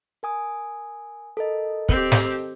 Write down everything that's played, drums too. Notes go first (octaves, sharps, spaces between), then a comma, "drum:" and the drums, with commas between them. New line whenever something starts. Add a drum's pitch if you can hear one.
A#4 G#5 D#6
A4 A#4 D#5
C4 G4, drum: kick
drum: snare